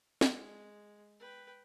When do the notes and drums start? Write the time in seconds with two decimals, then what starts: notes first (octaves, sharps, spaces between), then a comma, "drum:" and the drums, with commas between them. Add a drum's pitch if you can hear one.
0.21 G#3, drum: snare
1.20 B4 G5